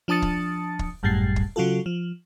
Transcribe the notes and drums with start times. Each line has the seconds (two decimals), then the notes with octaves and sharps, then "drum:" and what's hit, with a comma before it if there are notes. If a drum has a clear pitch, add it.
0.08 F3 D4 A5 D#6 A6 C#7
0.22 drum: kick
0.79 drum: kick
1.03 G#1 F#2 A2 G3 A6 C7
1.36 drum: kick
1.56 C#3 F#3 F4 F#4 A4
1.86 F3